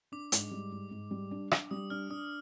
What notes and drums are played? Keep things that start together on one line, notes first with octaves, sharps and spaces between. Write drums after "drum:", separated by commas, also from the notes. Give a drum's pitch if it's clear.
D4 D6
G#2, drum: hi-hat
G3
G#2
G#2
G3
D4
D4, drum: rim click
G3 D#6
D4 F6
D4 D#6